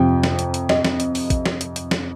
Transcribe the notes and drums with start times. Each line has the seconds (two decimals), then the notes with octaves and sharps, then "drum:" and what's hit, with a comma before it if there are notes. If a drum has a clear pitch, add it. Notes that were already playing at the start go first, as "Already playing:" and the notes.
Already playing: F2 C3 F3 G5
0.23 drum: snare
0.39 drum: hi-hat
0.54 drum: hi-hat
0.69 D#5, drum: snare
0.85 drum: snare
1.00 drum: hi-hat
1.15 drum: open hi-hat
1.30 drum: kick, hi-hat
1.46 drum: snare
1.61 drum: hi-hat
1.76 drum: hi-hat
1.91 drum: snare